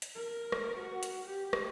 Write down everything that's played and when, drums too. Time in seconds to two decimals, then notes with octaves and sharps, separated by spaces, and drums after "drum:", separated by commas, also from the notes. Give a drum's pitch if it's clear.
0.02 drum: hi-hat
0.15 A#4
0.52 drum: rim click
0.78 F#4
1.03 drum: hi-hat
1.25 G4
1.53 drum: rim click